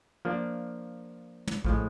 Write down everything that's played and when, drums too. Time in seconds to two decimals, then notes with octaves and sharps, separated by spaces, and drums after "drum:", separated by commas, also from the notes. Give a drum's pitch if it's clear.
0.25 F3 A#3 D4
1.47 drum: tom
1.65 A2 F3 G#3, drum: kick A#1